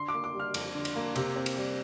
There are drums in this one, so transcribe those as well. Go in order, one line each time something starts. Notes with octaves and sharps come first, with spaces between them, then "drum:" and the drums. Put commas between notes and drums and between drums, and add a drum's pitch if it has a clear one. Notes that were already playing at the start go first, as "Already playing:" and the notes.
Already playing: D3 C6
D6
A#3
D6
G3
F6
F2, drum: cymbal
D3
drum: cymbal
A#3
C3, drum: cymbal
C4
drum: cymbal
G3